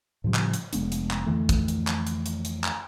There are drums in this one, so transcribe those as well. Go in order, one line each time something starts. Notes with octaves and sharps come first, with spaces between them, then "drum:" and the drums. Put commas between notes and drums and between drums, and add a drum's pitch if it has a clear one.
A2 C#3 F3 G3
drum: clap
drum: hi-hat
F1 G#3 B3 D4, drum: hi-hat
drum: hi-hat
drum: clap
F2 D3 E3 A3
drum: kick, hi-hat
drum: hi-hat
drum: clap
drum: hi-hat
drum: hi-hat
drum: hi-hat
drum: clap